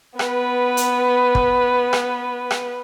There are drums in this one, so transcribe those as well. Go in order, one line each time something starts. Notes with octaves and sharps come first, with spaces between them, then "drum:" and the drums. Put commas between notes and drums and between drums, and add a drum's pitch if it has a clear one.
B3 B4, drum: rim click
drum: hi-hat
drum: kick
drum: rim click
drum: rim click